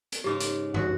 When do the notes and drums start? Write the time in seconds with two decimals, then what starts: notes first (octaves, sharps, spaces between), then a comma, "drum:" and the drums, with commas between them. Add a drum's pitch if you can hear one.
0.12 drum: hi-hat
0.24 G#2 C#3 G#3 G4 D6
0.40 drum: hi-hat
0.74 F#4 F#5, drum: tom F#2